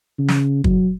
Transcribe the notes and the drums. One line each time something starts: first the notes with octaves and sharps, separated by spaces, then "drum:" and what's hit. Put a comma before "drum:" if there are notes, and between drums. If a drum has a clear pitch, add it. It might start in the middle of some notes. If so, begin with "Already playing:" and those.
C#3
drum: snare
F#3, drum: kick